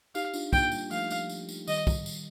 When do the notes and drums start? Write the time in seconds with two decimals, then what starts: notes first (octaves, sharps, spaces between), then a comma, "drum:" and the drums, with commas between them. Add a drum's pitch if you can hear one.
0.15 D#4 G4 F5, drum: tambourine
0.34 D4 F4, drum: tambourine
0.53 A#3 D4 G5, drum: kick, tambourine
0.72 G3 A#3, drum: tambourine
0.91 F3 A3 F5, drum: tambourine
1.10 drum: tambourine
1.30 drum: tambourine
1.49 drum: tambourine
1.68 D#3 G3 D#5, drum: tambourine
1.87 drum: kick, tambourine
2.06 drum: tambourine